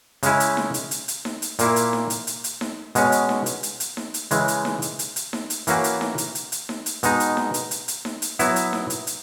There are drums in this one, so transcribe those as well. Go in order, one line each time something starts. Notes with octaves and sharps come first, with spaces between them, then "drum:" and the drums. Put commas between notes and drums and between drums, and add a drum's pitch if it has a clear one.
C#3 G#3 C#4 E4, drum: hi-hat
drum: hi-hat
drum: snare D#4
drum: hi-hat
drum: hi-hat
drum: hi-hat
drum: snare D#4
drum: hi-hat
A#2 A#3 E4, drum: hi-hat
drum: hi-hat
drum: snare D#4
drum: hi-hat
drum: hi-hat
drum: hi-hat
drum: snare D#4
B2 G#3 C#4, drum: hi-hat
drum: hi-hat
drum: snare D#4
drum: hi-hat
drum: hi-hat
drum: hi-hat
drum: snare D#4
drum: hi-hat
C#3 E3 G#3, drum: hi-hat
drum: hi-hat
drum: snare D#4
drum: hi-hat
drum: hi-hat
drum: hi-hat
drum: snare D#4
drum: hi-hat
E3 A#3 C#4 F#4, drum: hi-hat
drum: hi-hat
drum: snare D#4
drum: hi-hat
drum: hi-hat
drum: hi-hat
drum: snare D#4
drum: hi-hat
B2 G#3 D#4, drum: hi-hat
drum: hi-hat
drum: snare D#4
drum: hi-hat
drum: hi-hat
drum: hi-hat
drum: snare D#4
drum: hi-hat
F#3 B3 E4, drum: hi-hat
drum: hi-hat
drum: snare D#4
drum: hi-hat
drum: hi-hat